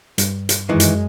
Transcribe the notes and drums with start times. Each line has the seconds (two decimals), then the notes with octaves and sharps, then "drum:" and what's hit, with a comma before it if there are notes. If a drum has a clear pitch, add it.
0.18 G2, drum: hi-hat
0.49 drum: hi-hat
0.69 F#2 D#3 E3 G#3
0.80 drum: hi-hat